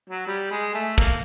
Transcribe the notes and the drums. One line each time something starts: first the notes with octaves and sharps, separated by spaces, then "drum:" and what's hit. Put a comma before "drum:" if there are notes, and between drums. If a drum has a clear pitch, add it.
F#3
G3
G#3
A3
A#3, drum: kick